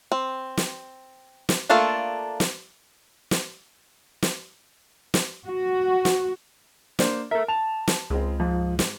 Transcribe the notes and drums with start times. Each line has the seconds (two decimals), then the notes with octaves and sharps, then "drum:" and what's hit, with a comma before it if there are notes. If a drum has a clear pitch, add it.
0.12 C4
0.57 drum: snare
1.49 drum: snare
1.70 A3 A#3 D4 F4 A4
2.40 drum: snare
3.31 drum: snare
4.22 drum: snare
5.14 drum: snare
5.47 F#4
6.05 drum: snare
6.99 A#3 D4 C5, drum: snare
7.31 A4 A#4 E5
7.48 A5 F7
7.88 drum: snare
8.10 C#2 C#3 G#3 C4
8.40 G#2 F3
8.79 drum: snare